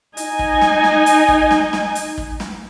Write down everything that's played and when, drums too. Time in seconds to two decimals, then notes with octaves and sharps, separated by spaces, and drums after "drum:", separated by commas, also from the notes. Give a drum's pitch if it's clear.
0.17 D#4 G#5, drum: hi-hat
0.39 drum: kick
0.62 drum: snare
0.84 drum: snare
1.06 drum: hi-hat
1.28 drum: kick
1.51 drum: snare
1.73 drum: snare
1.95 drum: hi-hat
2.18 drum: kick
2.40 drum: snare